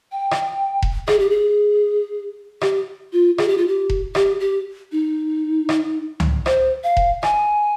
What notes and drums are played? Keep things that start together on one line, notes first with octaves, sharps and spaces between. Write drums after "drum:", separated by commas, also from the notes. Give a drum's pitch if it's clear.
G5
drum: rim click
drum: kick E1
G#4, drum: rim click
G4
G#4
G4, drum: rim click
F4
G#4, drum: rim click
G4
F4
G4
drum: kick E1
G4, drum: rim click
G4
D#4
drum: rim click
drum: tom C#2
C5, drum: rim click
F5
drum: kick E1
G#5, drum: rim click